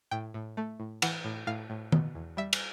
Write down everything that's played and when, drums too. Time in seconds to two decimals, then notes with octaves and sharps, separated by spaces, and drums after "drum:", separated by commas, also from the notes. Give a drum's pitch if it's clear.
0.11 A2 G5
0.34 A2
0.57 A3
0.80 A2
1.02 E3 F#5, drum: cymbal
1.24 A2
1.47 A2 F5
1.70 A2
1.92 B2, drum: tom D#3
2.15 E2
2.37 G3 E5
2.53 drum: cymbal